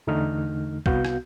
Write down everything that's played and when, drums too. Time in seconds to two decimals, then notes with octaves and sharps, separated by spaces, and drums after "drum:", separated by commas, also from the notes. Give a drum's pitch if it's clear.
0.07 E2 D3 A3 D#4 F6
0.86 C2 B3 F#4 F5 G6, drum: kick
1.05 drum: rim click